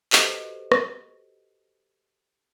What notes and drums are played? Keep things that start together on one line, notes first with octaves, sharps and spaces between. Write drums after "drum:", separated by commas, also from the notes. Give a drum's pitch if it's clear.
F#4 G4 A4 B4 C5 D#5, drum: clap
drum: rim click